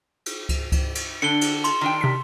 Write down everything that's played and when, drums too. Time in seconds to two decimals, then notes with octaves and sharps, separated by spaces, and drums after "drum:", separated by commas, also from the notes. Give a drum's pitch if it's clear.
0.26 drum: cymbal
0.49 drum: kick C#2, cymbal
0.72 drum: kick C#2, cymbal
0.95 drum: cymbal
1.22 D3 D4 C#7 G7
1.41 drum: cymbal
1.64 C6, drum: cymbal
1.81 D#3 D4 G5
2.01 C3 B6